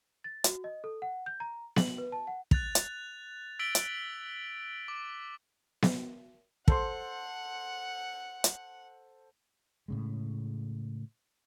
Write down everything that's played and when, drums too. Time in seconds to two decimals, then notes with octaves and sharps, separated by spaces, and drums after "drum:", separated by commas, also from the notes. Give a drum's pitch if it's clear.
0.24 A6
0.44 F#4, drum: hi-hat
0.64 D#5
0.84 A4
1.02 F#5
1.26 G6
1.40 A#5
1.76 F#7, drum: snare B3
1.98 B4
2.12 A5
2.27 F#5
2.51 F#6 A6 F7, drum: kick
2.75 drum: hi-hat
3.59 E6 A6 B6 D7 F#7 G7
3.75 drum: hi-hat
4.88 D6
5.82 drum: snare B3
6.68 A4 C5 F#5 C6, drum: kick
8.44 drum: hi-hat
9.88 A2 C#3 G#3